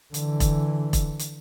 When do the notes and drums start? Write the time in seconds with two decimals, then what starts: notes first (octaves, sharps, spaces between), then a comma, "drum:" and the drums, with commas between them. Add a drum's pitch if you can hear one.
0.14 D3 E3, drum: hi-hat
0.40 drum: kick E1, hi-hat
0.93 drum: kick E1, hi-hat
1.19 drum: hi-hat